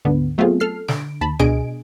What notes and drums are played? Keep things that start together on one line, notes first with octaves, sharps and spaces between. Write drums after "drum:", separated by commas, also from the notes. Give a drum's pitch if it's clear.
D2 G#2 D3 B3
F#3 A3 B3 C4 F4 G#4
A4 F6 C7
D3 D7, drum: snare
D#2 A5 B5
B2 D4 G#4 D#5 G#5 D7, drum: tom C#2